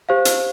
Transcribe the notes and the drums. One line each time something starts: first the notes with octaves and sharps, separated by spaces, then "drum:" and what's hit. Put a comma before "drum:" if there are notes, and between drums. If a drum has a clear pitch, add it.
G4 C5 F5
drum: hi-hat